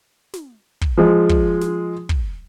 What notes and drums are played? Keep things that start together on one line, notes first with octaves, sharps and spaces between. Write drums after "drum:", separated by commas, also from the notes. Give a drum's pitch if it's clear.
drum: snare
drum: kick
F3 G#3
drum: kick
drum: snare
drum: kick